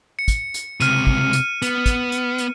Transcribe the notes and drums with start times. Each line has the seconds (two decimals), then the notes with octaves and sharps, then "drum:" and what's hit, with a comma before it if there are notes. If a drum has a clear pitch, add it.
0.19 C#7
0.28 drum: kick, hi-hat
0.54 drum: hi-hat
0.80 C#2 C3 F6 D#7, drum: hi-hat
1.07 drum: kick
1.33 drum: hi-hat
1.62 B3, drum: hi-hat
1.86 drum: kick, hi-hat
2.12 drum: hi-hat
2.38 drum: hi-hat